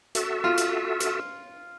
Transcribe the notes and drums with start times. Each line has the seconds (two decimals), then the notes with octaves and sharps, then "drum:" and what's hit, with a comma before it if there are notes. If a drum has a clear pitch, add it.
0.15 F#4 A4 E5, drum: hi-hat
0.44 F4
0.58 drum: hi-hat
1.00 drum: hi-hat